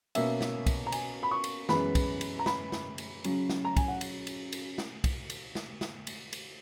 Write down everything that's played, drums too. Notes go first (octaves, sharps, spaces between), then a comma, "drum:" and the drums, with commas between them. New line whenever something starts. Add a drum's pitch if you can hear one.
B2 A#3 C#4 E5, drum: cymbal
drum: snare
drum: kick, cymbal
A#5
G#5, drum: cymbal
B5
C#6
drum: cymbal
F#2 E3 G#3 B3 B5, drum: snare
drum: kick, cymbal
drum: cymbal
A#5
B5, drum: snare
drum: snare
drum: cymbal
C#3 F#3 C#4, drum: cymbal
drum: snare
A#5
G#5, drum: kick, cymbal
F#5
drum: cymbal
drum: cymbal
drum: cymbal
drum: snare
drum: kick, cymbal
drum: cymbal
drum: snare
drum: snare
drum: cymbal
drum: cymbal